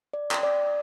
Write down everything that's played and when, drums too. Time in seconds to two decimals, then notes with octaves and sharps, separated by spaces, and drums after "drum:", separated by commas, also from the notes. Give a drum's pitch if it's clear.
0.13 D5
0.31 G5, drum: clap
0.43 D5